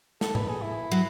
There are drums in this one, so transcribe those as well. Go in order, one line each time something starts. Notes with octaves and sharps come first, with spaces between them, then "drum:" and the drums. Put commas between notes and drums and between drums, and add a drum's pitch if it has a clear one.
A4, drum: snare
B4, drum: tom G#2
G#4
E4
F#3